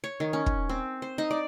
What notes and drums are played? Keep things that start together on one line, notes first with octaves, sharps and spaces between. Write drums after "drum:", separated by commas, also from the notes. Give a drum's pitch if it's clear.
C#5
D#3
C#4
drum: kick
C4
C5
D#4
D5